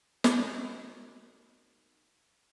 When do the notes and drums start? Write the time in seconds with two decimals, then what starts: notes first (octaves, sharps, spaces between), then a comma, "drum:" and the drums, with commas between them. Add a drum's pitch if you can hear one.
0.24 D#4 F#4 A#4 D#5, drum: snare